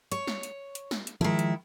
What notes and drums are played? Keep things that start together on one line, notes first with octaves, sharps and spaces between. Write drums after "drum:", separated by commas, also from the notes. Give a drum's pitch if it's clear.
C#5, drum: hi-hat
drum: snare
drum: hi-hat
drum: hi-hat
drum: snare
drum: hi-hat
D#3 F3 G#3 E4
drum: hi-hat